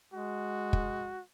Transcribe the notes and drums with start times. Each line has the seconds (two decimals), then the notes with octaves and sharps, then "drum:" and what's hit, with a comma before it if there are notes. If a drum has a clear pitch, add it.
0.14 G#3 F#4
0.73 drum: kick